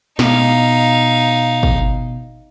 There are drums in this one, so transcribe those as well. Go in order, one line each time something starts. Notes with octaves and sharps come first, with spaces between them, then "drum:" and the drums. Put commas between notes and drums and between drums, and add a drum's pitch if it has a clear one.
B2 D#4 F5, drum: snare
drum: kick